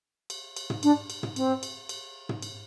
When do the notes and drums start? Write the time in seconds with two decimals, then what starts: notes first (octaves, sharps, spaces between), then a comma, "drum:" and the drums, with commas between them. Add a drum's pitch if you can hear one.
0.30 drum: cymbal
0.57 drum: cymbal
0.70 drum: tom
0.83 D4, drum: cymbal
1.10 drum: cymbal
1.23 drum: tom
1.36 C4, drum: cymbal
1.63 drum: cymbal
1.89 drum: cymbal
2.29 drum: tom
2.42 drum: cymbal